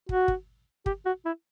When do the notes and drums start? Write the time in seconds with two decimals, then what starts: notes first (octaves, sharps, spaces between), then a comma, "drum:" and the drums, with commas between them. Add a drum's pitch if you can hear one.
0.09 F#4, drum: kick
0.28 drum: kick
0.86 G4, drum: kick
1.06 F#4
1.25 E4